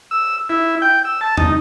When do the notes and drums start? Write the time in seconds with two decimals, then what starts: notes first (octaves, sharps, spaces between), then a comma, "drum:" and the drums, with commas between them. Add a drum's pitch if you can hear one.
0.11 E6
0.49 E4
0.82 G5
1.05 E6
1.21 A5
1.37 D#4, drum: tom E2